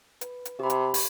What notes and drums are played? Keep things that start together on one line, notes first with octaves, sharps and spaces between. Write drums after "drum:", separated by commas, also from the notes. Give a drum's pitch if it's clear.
B4, drum: hi-hat
drum: hi-hat
C3 G4 B5
drum: hi-hat
drum: open hi-hat